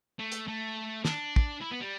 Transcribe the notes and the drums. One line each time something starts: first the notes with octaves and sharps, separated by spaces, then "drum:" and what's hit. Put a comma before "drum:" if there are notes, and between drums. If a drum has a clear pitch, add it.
A3
drum: hi-hat
A3
D4, drum: snare
drum: kick
E4
B3
G3